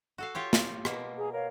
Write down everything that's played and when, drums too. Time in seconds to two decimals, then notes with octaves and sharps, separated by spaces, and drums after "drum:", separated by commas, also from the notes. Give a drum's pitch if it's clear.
0.18 F#4 A4 F5
0.35 F4 G4 C#5
0.53 drum: snare
0.85 B2 A#3, drum: rim click
1.17 G#4 A#5
1.32 A#4 C#5 F5